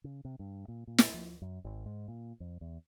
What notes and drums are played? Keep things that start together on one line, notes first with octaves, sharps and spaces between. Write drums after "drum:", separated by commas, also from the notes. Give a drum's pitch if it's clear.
C#3
C3
G2
A#2
A#2
drum: snare
F3
F#2
G#1
G#2
A#2
F2
E2